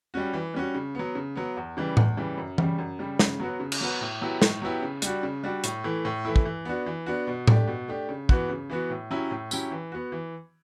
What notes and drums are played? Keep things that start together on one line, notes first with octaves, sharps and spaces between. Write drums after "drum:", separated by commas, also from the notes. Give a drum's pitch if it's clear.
G3 C#4 F#4
E3
G3 C#4 F#4
C#3
F#3 B3
C#3
F#3 B3
E2
C#3 E3 G3
E2, drum: tom A2
C#3 E3 G3
F#2
C#3 G3, drum: tom E3
F#2
C#3 G3
C#3, drum: snare
F#3 B3 F#4
C#3
drum: cymbal
F#3 B3 F#4
A2
F#3 B3 E4 G4
A2, drum: snare
F#3 B3 E4 G4
C#3
G3 D4 F#4, drum: hi-hat
C#3
G3 D4 F#4
A2, drum: hi-hat
E3 A3 E4
A2
E3 A3 E4
drum: kick
E3
B3 D4 F#4
E3
B3 D4 F#4
B2
A3 D4 G4, drum: tom A2
B2
A3 D4 G4
C#3
E3 B3 F#4, drum: kick
C#3
E3 B3 F#4
A2
F#3 C#4 E4 G4
A2
F#3 C#4 E4 G4, drum: tambourine
E3
B3 F#4
E3